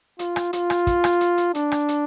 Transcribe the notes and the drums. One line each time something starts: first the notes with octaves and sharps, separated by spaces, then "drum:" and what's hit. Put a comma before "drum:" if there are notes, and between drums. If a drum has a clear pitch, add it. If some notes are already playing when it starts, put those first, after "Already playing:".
F4, drum: hi-hat
drum: rim click
F4, drum: hi-hat
drum: rim click
drum: kick, hi-hat
drum: rim click
drum: hi-hat
drum: hi-hat
D4, drum: hi-hat
drum: rim click
drum: hi-hat